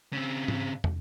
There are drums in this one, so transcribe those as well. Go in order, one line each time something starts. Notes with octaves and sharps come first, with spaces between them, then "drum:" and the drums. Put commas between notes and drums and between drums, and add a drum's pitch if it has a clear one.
C#3 C4
drum: tom G#2
drum: tom